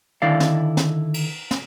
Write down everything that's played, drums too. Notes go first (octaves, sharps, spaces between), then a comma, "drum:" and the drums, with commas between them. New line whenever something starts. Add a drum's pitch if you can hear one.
D3 D#3 E4 D5 F5
drum: snare
drum: snare
drum: cymbal
drum: snare